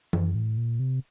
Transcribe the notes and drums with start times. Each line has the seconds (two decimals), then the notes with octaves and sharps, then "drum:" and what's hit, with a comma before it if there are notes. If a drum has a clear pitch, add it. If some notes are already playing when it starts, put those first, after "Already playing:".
0.13 F#2, drum: tom E3
0.35 A2
0.57 A#2
0.80 C3